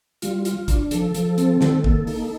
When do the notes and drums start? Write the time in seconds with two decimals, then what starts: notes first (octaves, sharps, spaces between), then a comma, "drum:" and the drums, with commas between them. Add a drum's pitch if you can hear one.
0.22 G3 F4, drum: hi-hat
0.45 F4, drum: hi-hat
0.68 D4, drum: kick, hi-hat
0.91 F3 A4, drum: hi-hat
1.14 F3, drum: hi-hat
1.38 C4, drum: hi-hat
1.61 D#3, drum: snare
1.84 A#3, drum: kick
2.07 D#4, drum: open hi-hat